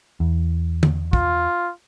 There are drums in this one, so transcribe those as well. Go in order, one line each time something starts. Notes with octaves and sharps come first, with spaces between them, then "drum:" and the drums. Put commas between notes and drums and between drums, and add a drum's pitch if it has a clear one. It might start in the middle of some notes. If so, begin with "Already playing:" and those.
E2
drum: tom
F4, drum: kick